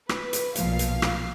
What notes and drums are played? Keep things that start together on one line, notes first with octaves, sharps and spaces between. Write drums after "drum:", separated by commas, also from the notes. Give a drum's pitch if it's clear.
B4, drum: rim click
drum: hi-hat
B1 A#2 F3 F5, drum: hi-hat
drum: hi-hat
drum: rim click